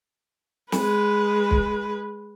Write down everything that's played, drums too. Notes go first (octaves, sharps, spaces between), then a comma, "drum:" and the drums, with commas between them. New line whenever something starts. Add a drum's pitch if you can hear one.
G#3 B4, drum: snare
drum: kick